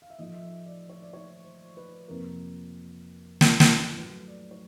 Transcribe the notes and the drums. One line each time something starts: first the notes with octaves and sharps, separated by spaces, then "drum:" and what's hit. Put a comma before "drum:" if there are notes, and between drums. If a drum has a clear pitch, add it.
F5
E5
A2 F3 A3 D#5
E5
D#5
D5
C#5
D5
C#5
C5
B4
F2 C3 F3 A#3 A#4
drum: snare
drum: snare
A2 F#3 A3 B4
D5
C#5